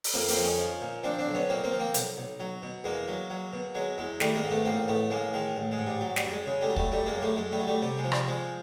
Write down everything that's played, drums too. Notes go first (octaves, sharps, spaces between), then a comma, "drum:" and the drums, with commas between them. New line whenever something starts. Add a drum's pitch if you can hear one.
drum: open hi-hat
F2 A#3 C4
A#3 C4, drum: open hi-hat
F2
C#4 D#4
F3
A#2
F3 C4 D4
C4 D4
B1
B3 C#4
A#2 A#3 C4
A#3 C4
F3
A#3 C4
B1, drum: hi-hat
B1
F#3
B2
E2 G#3 A#3
F#3
F#3
B2
F#3 G#3
E2 G#3
D#3 G3 A3, drum: snare
G#3 A#3
G#2
A3 B3
A1 A#3 C4
A1 A3 B3
A1 G#3 A#3
D#3 G#3
A1
G#3
G#2
G3
F#3
G3, drum: snare
F#2
G#3
C#3 G#3
G3 A3
F#3
G3 A3, drum: kick
F#2 G3 A3
G#3 A#3
F#2
G3 A3
F#2 G#3
G3 A3
F#3
G3 A3
C3 G3
G#3
F3
G3, drum: rim click
F3 G#3